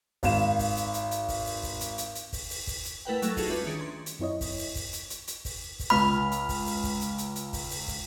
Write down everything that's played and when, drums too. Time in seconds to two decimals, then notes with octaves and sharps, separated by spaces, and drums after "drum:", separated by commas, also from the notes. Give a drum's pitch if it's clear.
0.23 G#1 F5 E7, drum: kick, open hi-hat
0.59 drum: kick, open hi-hat
0.77 drum: hi-hat
0.94 drum: hi-hat
1.11 drum: hi-hat
1.29 drum: kick, open hi-hat
1.46 drum: open hi-hat
1.63 drum: kick, open hi-hat
1.81 drum: hi-hat
1.98 drum: hi-hat
2.15 drum: hi-hat
2.33 drum: kick, open hi-hat
2.50 drum: open hi-hat
2.67 drum: kick, open hi-hat
2.85 drum: hi-hat
3.05 A3 E4 A#4 B4 F#5 G5
3.22 F#3 A3 A4 G#6 A#6, drum: hi-hat
3.37 D#4 F4 F#4 G#4 A4, drum: kick, open hi-hat
3.49 G3 C#4 B4 E5
3.66 D#3 C#4 D4 G#4
3.81 C6
4.06 drum: hi-hat
4.19 F#2 C4 E4 C#5 D#5
4.41 drum: kick, open hi-hat
4.58 drum: open hi-hat
4.75 drum: kick, open hi-hat
4.93 drum: hi-hat
5.10 drum: hi-hat
5.27 drum: hi-hat
5.45 drum: kick, open hi-hat
5.80 drum: kick, open hi-hat
5.90 C#2 B5 F6
6.32 drum: hi-hat
6.49 drum: kick, open hi-hat
6.66 drum: open hi-hat
6.84 drum: kick, open hi-hat
7.01 drum: hi-hat
7.18 drum: hi-hat
7.36 drum: hi-hat
7.53 drum: kick, open hi-hat
7.70 drum: open hi-hat
7.88 drum: kick, open hi-hat